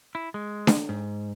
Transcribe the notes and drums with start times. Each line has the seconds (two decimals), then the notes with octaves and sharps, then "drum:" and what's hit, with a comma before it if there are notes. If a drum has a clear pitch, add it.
0.15 E4
0.34 G#3
0.67 drum: snare D4
0.89 G#2